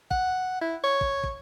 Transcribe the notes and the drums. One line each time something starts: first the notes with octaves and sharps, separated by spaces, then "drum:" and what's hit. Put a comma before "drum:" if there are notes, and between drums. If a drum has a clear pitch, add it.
F#5, drum: kick
E4
C#5
drum: kick
drum: kick